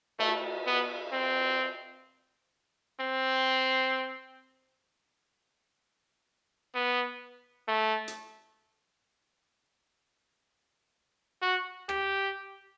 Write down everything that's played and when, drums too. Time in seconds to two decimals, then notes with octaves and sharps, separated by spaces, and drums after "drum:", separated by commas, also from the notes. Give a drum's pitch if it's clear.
0.19 A3, drum: cymbal
0.66 B3
1.12 C4
3.00 C4
6.75 B3
7.68 A3
8.08 drum: hi-hat
11.42 F#4
11.89 G4, drum: rim click